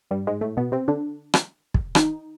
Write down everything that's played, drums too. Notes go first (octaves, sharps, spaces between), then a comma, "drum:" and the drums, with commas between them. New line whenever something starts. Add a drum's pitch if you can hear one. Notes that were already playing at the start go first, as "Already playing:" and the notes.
G2 G3
G#2 G#3
A2 A3
B2 B3
C3 C4
D3 D4
drum: rim click
drum: kick
D#3 D#4, drum: rim click